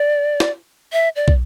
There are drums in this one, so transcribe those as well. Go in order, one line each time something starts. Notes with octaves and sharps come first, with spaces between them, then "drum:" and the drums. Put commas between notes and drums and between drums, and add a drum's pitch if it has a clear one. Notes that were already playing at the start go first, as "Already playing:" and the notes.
Already playing: D5
drum: snare
E5
D5
drum: kick